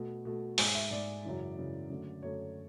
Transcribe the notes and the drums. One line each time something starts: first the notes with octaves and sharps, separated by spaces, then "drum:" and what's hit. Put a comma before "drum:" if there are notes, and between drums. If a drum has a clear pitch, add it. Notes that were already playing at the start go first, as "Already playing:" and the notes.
Already playing: B2 A3
B2 A3
G#2 G#3 G#5, drum: open hi-hat
E5
G#2 G#3 D5
F#2 C#3 E3
F#2 C#3 E3
F#2 D3 A3
F#2 D3 A3 C#5